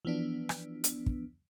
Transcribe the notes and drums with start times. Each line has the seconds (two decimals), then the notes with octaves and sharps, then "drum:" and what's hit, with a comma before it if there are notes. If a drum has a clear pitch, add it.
0.05 E3 F3 B3 D4
0.49 drum: rim click
0.84 drum: hi-hat
1.06 drum: kick